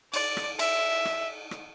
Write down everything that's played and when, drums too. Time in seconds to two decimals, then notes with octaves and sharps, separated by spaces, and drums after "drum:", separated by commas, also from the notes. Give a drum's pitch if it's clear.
0.14 D5, drum: cymbal
0.37 drum: rim click
0.59 E5, drum: cymbal
1.05 drum: rim click
1.51 drum: rim click